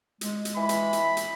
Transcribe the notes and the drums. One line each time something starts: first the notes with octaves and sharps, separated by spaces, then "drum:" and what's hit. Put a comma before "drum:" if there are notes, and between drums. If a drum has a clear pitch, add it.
G#3, drum: hi-hat
drum: hi-hat
E3 B5
drum: hi-hat
drum: hi-hat
drum: hi-hat